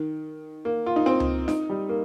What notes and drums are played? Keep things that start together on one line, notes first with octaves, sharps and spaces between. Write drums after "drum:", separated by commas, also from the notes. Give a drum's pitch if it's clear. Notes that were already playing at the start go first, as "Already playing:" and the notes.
Already playing: D#3
A#3
F4
D#4
C4
drum: tom C#2
D#4, drum: snare D4
G3
A#3